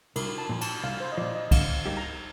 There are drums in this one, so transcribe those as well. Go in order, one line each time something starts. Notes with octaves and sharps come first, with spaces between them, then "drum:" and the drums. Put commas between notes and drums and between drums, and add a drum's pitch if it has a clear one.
C2 A#4, drum: cymbal
A5
A#2 F3
A5, drum: cymbal
C2 F5
C5
D#5
A#2 F3 D5
D#5
D3 F5, drum: kick C2, cymbal
G3 A#3 D#4 G4
A#5